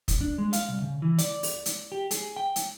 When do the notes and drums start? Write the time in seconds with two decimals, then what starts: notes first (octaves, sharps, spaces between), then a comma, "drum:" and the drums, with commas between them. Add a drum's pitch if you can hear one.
0.08 drum: kick, hi-hat
0.21 D4
0.38 G#3
0.53 F5, drum: hi-hat
0.69 C2
0.82 C#3
1.02 E3
1.18 D5, drum: hi-hat
1.43 drum: open hi-hat
1.66 drum: hi-hat
1.92 G4
2.11 G#4, drum: hi-hat
2.36 G5
2.56 drum: hi-hat